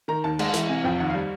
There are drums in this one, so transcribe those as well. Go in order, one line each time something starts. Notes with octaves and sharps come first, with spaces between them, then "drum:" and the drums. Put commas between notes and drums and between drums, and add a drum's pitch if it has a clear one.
D#3 A#5
D#2 A5
G#3, drum: cymbal
E3, drum: hi-hat
C3 G#5
F2 G5
D#2 F#5
F5
G3